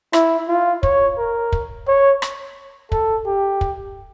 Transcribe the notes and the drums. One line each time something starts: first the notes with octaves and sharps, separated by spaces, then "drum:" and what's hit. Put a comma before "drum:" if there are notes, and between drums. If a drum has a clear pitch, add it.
E4, drum: rim click
F4
C#5, drum: kick
A#4
drum: kick
C#5
drum: rim click
A4, drum: kick
G4
drum: kick